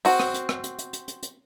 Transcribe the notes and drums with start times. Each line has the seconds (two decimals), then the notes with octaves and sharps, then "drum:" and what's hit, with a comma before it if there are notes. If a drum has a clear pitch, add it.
0.05 C4 F#4, drum: open hi-hat
0.19 drum: rim click
0.34 drum: hi-hat
0.49 drum: rim click
0.64 drum: hi-hat
0.78 drum: hi-hat
0.93 drum: hi-hat
1.08 drum: hi-hat
1.23 drum: hi-hat